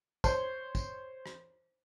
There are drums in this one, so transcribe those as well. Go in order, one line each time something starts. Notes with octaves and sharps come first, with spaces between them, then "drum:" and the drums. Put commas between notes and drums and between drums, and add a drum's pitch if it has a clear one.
C5 C#5, drum: kick, tambourine
drum: kick, tambourine
drum: rim click